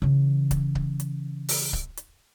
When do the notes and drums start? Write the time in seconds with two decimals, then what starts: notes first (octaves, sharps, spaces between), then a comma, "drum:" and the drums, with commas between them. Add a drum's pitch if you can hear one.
0.02 C#3 E3
0.51 drum: kick C#1, hi-hat
0.75 drum: kick C#1
1.00 drum: hi-hat
1.49 drum: open hi-hat
1.73 drum: kick C#1
1.97 drum: hi-hat